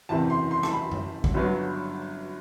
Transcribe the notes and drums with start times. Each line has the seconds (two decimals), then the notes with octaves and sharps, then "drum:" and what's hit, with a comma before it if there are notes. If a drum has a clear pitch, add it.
0.09 F#1 E2 C3 E3 A5
0.30 C6
0.51 C6
0.63 A5, drum: rim click
0.72 B5
0.91 drum: tom F#2
1.24 drum: kick
1.34 G1 G2 D3 F#3 B3